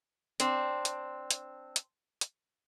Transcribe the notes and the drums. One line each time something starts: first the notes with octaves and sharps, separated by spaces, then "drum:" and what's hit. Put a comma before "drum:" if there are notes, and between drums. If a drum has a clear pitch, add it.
C4 D4, drum: hi-hat
drum: hi-hat
drum: hi-hat
drum: hi-hat
drum: hi-hat